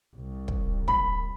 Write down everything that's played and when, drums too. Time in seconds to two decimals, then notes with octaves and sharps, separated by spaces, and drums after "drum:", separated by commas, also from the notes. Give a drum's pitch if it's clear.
0.15 C2
0.48 drum: kick
0.88 B5, drum: kick